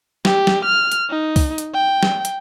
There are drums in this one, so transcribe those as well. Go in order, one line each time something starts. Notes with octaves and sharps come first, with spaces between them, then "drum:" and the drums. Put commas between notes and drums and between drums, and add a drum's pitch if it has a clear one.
G4, drum: snare
drum: snare
F6
drum: hi-hat
D#4
drum: kick C2, open hi-hat
drum: hi-hat
G5
drum: snare
drum: hi-hat